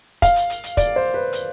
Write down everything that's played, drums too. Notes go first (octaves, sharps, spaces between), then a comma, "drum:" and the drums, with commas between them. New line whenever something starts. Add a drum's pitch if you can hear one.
F5, drum: kick, hi-hat
drum: hi-hat
drum: hi-hat
drum: hi-hat
D5, drum: kick, hi-hat
C5
B4
drum: hi-hat